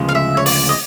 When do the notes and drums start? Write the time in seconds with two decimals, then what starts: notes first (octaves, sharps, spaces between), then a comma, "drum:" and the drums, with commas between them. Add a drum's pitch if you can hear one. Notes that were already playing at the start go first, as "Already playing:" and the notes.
Already playing: D2 C#3 F3 G#3
0.09 F5
0.15 E5
0.37 C#5
0.46 D5, drum: open hi-hat
0.69 D#5